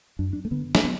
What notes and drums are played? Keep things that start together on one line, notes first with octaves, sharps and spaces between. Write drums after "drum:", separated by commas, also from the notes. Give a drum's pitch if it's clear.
F#2 D4
D4
A3
D3 B3
A3, drum: snare
B3